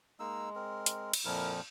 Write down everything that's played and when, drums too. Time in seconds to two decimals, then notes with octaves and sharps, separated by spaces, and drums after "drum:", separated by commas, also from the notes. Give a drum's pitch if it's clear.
0.20 G#3 A#3 D#4 E6
0.56 C4 A#4
0.86 drum: hi-hat
1.13 drum: cymbal
1.25 F2 A#2 F3 E4 A#4